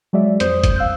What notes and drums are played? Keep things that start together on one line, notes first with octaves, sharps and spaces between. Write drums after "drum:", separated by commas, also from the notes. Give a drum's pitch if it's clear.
F#3 G#3 D5 E5
F2 C5 D#6 G6, drum: hi-hat
drum: kick, hi-hat
F5 E6 F#6 G6